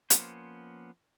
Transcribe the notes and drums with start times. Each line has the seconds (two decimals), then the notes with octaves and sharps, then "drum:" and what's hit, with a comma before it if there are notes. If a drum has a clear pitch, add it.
0.10 F3 A#3 B3 C#4 C5, drum: hi-hat